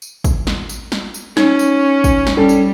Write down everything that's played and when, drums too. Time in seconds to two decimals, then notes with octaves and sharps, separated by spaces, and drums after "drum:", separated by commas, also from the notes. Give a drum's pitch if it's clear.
0.02 drum: tambourine
0.24 drum: kick, tambourine
0.47 drum: snare
0.69 drum: tambourine
0.92 drum: snare
1.14 drum: tambourine
1.37 C#4 D#4, drum: snare
1.59 drum: tambourine
2.04 drum: kick, tambourine
2.27 drum: snare
2.37 G3 C#4 A4
2.49 drum: tambourine